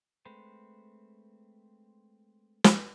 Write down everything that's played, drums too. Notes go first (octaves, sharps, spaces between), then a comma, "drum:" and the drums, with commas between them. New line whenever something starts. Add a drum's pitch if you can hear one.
G#3 A3 C4 B4 C5
drum: snare